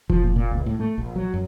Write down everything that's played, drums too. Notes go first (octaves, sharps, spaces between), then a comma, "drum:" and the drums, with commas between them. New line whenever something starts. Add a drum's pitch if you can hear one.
F3, drum: kick F1
A#2
A#2
C#2
A2
A3
A#1
F#3
F#2